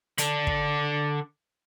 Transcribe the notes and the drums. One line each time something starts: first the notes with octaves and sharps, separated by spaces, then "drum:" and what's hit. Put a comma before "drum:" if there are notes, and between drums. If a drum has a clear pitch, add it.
D3 D4, drum: hi-hat
drum: kick